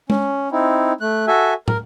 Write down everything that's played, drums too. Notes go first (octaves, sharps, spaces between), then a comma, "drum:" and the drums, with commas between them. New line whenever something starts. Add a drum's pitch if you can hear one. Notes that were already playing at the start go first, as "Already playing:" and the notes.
C#4, drum: tom
C4 D#4 E4
A3 F#6
F#4 A4 E5 G#5
A#4, drum: tom